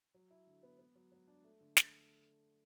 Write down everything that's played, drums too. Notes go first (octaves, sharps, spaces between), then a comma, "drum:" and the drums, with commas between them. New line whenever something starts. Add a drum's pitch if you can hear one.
F#3
E4
D3
B3
B3
F#3
F#3
D4
A3
D3
D3, drum: snare